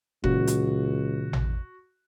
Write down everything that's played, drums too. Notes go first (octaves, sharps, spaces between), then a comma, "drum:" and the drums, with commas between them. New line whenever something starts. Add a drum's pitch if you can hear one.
C#2 A#2 C#3 E3 F#4, drum: kick F#1
drum: hi-hat
drum: tom A1